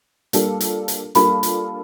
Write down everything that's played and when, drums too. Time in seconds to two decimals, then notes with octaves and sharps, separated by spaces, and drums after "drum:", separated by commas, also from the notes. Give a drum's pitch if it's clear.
0.33 G3 A#3 D4 F4 A4, drum: hi-hat
0.60 drum: hi-hat
0.88 drum: hi-hat
1.15 G3 A#3 D4 F4 A4 B5, drum: hi-hat
1.43 drum: hi-hat